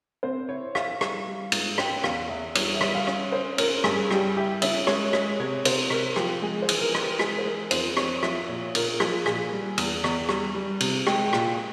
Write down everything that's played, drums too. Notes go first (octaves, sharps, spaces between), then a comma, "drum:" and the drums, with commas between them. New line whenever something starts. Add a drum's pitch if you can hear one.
C4 C5
E4 C#5
E4 F5, drum: rim click
G3, drum: rim click
G3
G#2, drum: cymbal
C#4 G5, drum: rim click
E2 F5, drum: rim click
E2 E5
G3 C#5, drum: cymbal
E5
G3, drum: rim click
F5
C#4, drum: rim click
C#4 C5
C#4 A#4, drum: cymbal
G2 G#4, drum: rim click
G3 G4, drum: rim click
E4 G4
C#4 E5, drum: cymbal
G#3 C#5, drum: rim click
G#3 C#5, drum: rim click
C3 C#5
C3 C5, drum: cymbal
C3 A#4, drum: rim click
F3 G4, drum: rim click
G#3 G#4
C5
E3, drum: cymbal
A#4
E3, drum: rim click
G4
A#4
G#3 G#4, drum: rim click
C5
G#3 A#4
F2 C5, drum: cymbal
C4 C#5, drum: rim click
F3 E5, drum: rim click
A#2 C#5
A#2 A#4, drum: cymbal
F3 G#4, drum: rim click
A#2 G#4, drum: rim click
G3
E2, drum: cymbal
E2, drum: rim click
G3, drum: rim click
G3
C3, drum: cymbal
G#3 G5, drum: rim click
G5
A#2, drum: rim click